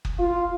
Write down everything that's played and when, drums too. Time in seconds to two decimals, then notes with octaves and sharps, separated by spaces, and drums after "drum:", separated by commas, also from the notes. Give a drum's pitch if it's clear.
0.05 drum: kick F#1
0.19 F4